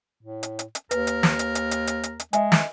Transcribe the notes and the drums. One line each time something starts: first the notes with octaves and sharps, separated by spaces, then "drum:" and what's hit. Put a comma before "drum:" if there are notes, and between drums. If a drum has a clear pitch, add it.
A2
drum: hi-hat
drum: hi-hat
drum: hi-hat
D#2 A#4 B4, drum: hi-hat
drum: hi-hat
drum: snare
drum: hi-hat
drum: hi-hat
drum: hi-hat
drum: hi-hat
drum: hi-hat
drum: hi-hat
G#3 D#5 E5 G#5, drum: hi-hat
drum: snare